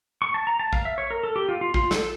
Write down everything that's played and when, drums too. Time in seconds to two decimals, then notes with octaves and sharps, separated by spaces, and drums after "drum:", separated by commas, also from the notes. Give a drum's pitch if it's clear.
0.22 C#6
0.34 A5
0.47 A#5
0.59 A5
0.73 F5, drum: kick A#1
0.85 E5
0.98 C#5
1.11 A#4
1.23 A4
1.36 G4
1.49 F4
1.61 F4
1.74 F4, drum: kick A#1
1.91 A4, drum: snare